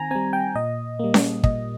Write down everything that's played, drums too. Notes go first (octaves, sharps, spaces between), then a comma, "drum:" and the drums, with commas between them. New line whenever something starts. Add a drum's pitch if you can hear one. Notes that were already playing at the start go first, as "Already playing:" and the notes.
Already playing: D#3 C4 G#5 A#5
G3 C4 G#5
G5
A#2 D#5
G3 A#3
drum: snare C#4
A#2 D#5, drum: kick